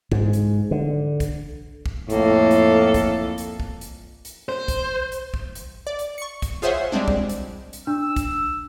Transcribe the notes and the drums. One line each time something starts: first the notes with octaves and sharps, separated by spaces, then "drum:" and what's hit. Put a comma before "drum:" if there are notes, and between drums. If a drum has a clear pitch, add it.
G#2, drum: kick
drum: hi-hat
D3
drum: kick, hi-hat
drum: kick
F2 A2 A#3 A4, drum: hi-hat
drum: hi-hat
drum: kick, hi-hat
drum: hi-hat
drum: kick
drum: hi-hat
drum: hi-hat
C5
drum: kick, hi-hat
drum: hi-hat
drum: kick
drum: hi-hat
D5
drum: hi-hat
C#6 C#7
drum: kick, hi-hat
F4 G#4 C5 C#5 E5 F#5
G3 G#3 C4 D4
drum: kick
drum: hi-hat
drum: hi-hat
D4 E6
drum: kick, hi-hat